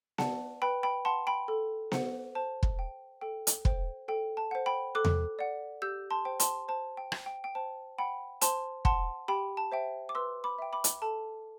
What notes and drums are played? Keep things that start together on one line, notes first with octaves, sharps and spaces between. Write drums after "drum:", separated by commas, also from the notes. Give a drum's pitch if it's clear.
D5 F#5 A5, drum: snare B3
B4 G5 B5
G5 B5
F#5 A5 C6
G5 B5
A4
C5 F#5, drum: snare B3
C5 A5
drum: kick
G5
A4 G5
drum: hi-hat
C5 G5, drum: kick
A4 G5
A5
C5 F#5
G5 B5
A4 D6 F#6
drum: tom E2
D5 F#5
G4 E6 G6
A5 C6
C5 G5
A5 C6, drum: hi-hat
C5 A5
G5
G5, drum: rim click
G5
G5
C5 A5
F#5 G5 B5
C5 A5 C6, drum: hi-hat
F#5 A5 C6, drum: kick
G4 G5 B5
A5
C5 E5 G5
D6
B4 C6 E6
B5 D6
E5 G5
B5 D6
drum: hi-hat
A4 A5